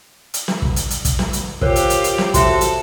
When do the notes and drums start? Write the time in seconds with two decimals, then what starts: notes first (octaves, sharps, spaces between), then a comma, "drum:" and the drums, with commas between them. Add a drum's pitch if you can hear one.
0.34 drum: hi-hat
0.48 drum: snare
0.62 drum: kick
0.76 drum: hi-hat
0.90 drum: hi-hat
1.05 drum: kick, hi-hat
1.19 drum: snare
1.33 drum: hi-hat
1.61 F4 G4 A#4 C5 C#5, drum: kick
1.76 drum: hi-hat
1.90 drum: hi-hat
2.04 drum: hi-hat
2.18 drum: snare
2.34 F#4 A4 C5 E5, drum: kick, hi-hat
2.61 drum: hi-hat